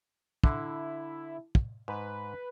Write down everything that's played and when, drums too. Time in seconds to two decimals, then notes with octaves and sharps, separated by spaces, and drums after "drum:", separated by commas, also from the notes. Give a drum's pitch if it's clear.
0.44 D3 E4, drum: kick
1.55 drum: kick
1.88 G#2 B4